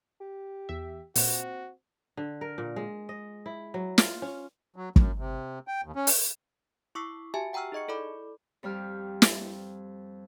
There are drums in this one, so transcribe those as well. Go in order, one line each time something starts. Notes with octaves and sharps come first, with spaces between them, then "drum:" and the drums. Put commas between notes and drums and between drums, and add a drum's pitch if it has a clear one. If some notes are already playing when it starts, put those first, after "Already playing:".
G4
E2 E5
A#2 C4 F#4, drum: open hi-hat
D3
A#4
A#2
G#3
D#5
E4
F#3
F4, drum: snare
C#4
F#3
F#2, drum: kick
C3
G5
D#2
C#4
drum: open hi-hat
E4 C#6 D6 E6 B6 C7
F#4 G4 E5 G#5 A5
F#5 G5 A#5 C#6 E6 F6
D#4 G#4 D#5 C#6 C#7
E4 A4 D5 B5 D6
F2 G3 G4 F6
drum: snare